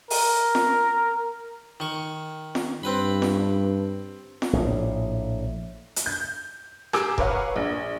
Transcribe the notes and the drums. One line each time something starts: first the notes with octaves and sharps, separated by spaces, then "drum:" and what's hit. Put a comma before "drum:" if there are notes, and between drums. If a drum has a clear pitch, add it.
A#4, drum: open hi-hat
drum: snare
D#3 C#6
drum: snare
G2 C4 B4 B5
drum: snare
drum: snare
A#1 A2
drum: hi-hat
G6
G4 G#4 A#4 D6 E6, drum: rim click
A#4 B4 C#5 F5 F#5, drum: kick F1
A#1